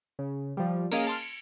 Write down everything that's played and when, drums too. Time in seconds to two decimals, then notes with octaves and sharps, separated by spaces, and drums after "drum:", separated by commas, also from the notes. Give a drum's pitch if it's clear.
0.19 C#3
0.57 F3 G3
0.92 A#3 C#4 G#4 D#5 F5, drum: cymbal
1.07 A5 C6 F6
1.22 C#7